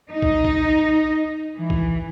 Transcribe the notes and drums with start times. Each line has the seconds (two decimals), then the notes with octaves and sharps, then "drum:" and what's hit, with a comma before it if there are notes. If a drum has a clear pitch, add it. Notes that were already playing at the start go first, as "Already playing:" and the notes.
0.11 D#4
0.22 drum: kick
0.44 drum: kick
1.57 E3
1.70 drum: kick